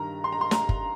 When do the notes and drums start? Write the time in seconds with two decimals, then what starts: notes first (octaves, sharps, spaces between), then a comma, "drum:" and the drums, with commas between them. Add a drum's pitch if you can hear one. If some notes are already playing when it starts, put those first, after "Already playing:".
Already playing: G2 D#3 A#5
0.24 C6
0.32 A#5
0.41 C6
0.51 A#5, drum: snare
0.69 drum: kick F#1